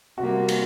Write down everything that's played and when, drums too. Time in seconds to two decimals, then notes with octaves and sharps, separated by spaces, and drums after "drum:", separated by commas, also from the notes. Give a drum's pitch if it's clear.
0.18 C3 G3 A#3 F#4
0.49 drum: cymbal